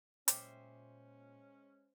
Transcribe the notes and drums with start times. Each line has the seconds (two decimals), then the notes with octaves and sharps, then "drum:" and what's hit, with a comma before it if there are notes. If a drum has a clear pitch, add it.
0.28 A#2 G#3 C#4 C5 E5 G5 D6, drum: hi-hat